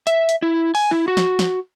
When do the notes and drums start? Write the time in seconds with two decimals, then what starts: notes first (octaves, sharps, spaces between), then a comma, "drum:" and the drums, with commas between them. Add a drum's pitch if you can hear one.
0.07 E5, drum: hi-hat
0.29 drum: hi-hat
0.42 E4
0.75 G#5, drum: open hi-hat
0.91 E4
1.08 F#4
1.17 drum: snare
1.39 drum: snare